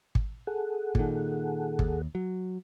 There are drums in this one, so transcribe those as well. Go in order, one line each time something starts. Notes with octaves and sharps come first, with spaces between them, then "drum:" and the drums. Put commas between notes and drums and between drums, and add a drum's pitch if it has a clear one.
drum: kick
G#4 A4 F#5
A#2 D#3, drum: kick
D#2, drum: kick
F#3